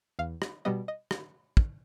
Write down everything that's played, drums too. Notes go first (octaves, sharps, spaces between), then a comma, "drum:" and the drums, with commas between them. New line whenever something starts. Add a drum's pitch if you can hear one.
E2 F5
drum: rim click
B2 G3 B3 D#5
D#5
drum: rim click
drum: kick